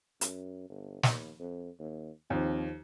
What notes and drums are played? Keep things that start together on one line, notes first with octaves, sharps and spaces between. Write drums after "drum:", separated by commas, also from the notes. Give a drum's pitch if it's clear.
F#2, drum: hi-hat
G1
D#2, drum: snare
F2
D#2
D#2 F3 C4